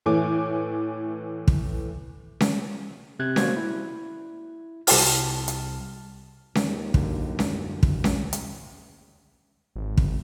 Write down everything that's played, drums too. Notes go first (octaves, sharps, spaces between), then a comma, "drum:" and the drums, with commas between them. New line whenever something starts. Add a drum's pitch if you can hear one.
A2 E3 A3 C#5 G#5 D6
drum: kick
drum: snare C#4
C3 F#6 G#6
A#3 F#4 C5 D5 G#6, drum: snare C#4
E4
C2 A5 F6, drum: open hi-hat
drum: hi-hat
D#2, drum: snare C#4
F#2 D3, drum: kick
drum: snare C#4
drum: kick
drum: snare C#4
drum: hi-hat
G#1
drum: kick